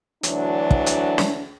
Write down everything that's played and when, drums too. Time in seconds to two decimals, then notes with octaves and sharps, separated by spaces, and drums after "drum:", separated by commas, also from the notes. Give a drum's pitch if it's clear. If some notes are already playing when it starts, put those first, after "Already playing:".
0.23 D2 E3 F#3 D4, drum: hi-hat
0.71 drum: kick
0.86 drum: hi-hat
1.18 drum: snare